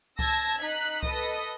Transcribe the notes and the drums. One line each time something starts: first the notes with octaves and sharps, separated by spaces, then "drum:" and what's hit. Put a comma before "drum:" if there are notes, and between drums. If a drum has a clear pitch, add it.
A5 E6 G#6 A#6, drum: kick C2
D#4 F#6 B6
A4 B4 D#5 D#6, drum: kick C2